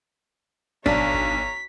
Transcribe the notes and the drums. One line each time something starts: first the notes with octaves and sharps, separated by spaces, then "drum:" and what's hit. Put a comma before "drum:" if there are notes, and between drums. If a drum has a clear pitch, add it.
B1 D4 C#5 A#5 B6, drum: kick G#1
drum: kick G#1